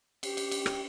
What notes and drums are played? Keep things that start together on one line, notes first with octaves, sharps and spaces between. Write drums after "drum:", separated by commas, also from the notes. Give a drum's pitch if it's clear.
G4, drum: cymbal
drum: cymbal
drum: cymbal
drum: rim click